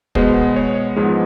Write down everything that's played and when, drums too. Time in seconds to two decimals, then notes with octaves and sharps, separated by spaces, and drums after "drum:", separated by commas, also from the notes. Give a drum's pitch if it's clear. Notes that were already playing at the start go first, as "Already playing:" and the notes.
0.15 B2 G#3 B3 C5, drum: kick
0.56 C#5
0.96 G#2 F3 G#3 B3